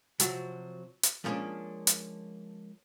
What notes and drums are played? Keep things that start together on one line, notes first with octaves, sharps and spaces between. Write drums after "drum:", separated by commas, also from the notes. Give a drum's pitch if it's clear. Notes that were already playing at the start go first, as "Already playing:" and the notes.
C3 F3 F#3 F#4, drum: hi-hat
drum: hi-hat
F3 G3 G#3 A#3 C#4 D4
drum: hi-hat